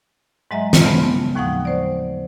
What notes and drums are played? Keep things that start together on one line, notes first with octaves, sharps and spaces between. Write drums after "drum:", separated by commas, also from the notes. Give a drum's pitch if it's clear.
G#2 F#3 G#3 D#5 E5 A#5
drum: snare
C#3 G3 A3 B3 C4
D#2 A2 F3 F#5 G5 D#6
C5 D5